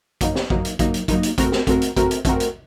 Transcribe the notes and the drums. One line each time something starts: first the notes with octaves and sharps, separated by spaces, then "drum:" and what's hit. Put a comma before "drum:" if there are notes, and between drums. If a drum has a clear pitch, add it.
F#3 A#3 D#4, drum: kick A1, hi-hat
drum: snare
F#3 A#3 D#4, drum: kick A1
drum: hi-hat
F#3 A#3 D#4, drum: kick A1, hi-hat
drum: hi-hat
F#3 A#3 D#4, drum: kick A1, hi-hat
drum: hi-hat
A3 C4 F#4 A#4, drum: kick A1, hi-hat
drum: snare
A3 C4 F#4 A#4, drum: kick A1, hi-hat
drum: hi-hat
A3 C4 F#4 A#4, drum: kick A1, hi-hat
drum: hi-hat
A3 C4 F#4 A#4, drum: kick A1, hi-hat
drum: hi-hat